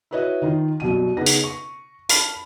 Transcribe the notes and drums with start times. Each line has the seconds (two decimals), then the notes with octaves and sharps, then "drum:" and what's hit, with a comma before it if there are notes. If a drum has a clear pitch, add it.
0.11 E4 F#4 B4 C#5 D#5 E5
0.42 D#3 D#4 F4
0.80 C2 F#2 B2 D#7
1.17 C#3 B3 D#4 B4 A#6
1.26 drum: hi-hat
1.44 C#6
2.09 A5 B5 F6, drum: hi-hat